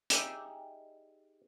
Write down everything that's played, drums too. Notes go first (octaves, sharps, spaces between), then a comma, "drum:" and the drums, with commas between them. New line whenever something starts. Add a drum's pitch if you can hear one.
D#4 G4 G#4 D5 E5, drum: hi-hat